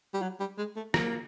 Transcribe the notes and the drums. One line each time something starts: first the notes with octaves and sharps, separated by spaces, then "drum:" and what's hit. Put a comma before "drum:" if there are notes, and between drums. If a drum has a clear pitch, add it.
G3
F#3
G3
G#3
A3
A#3, drum: rim click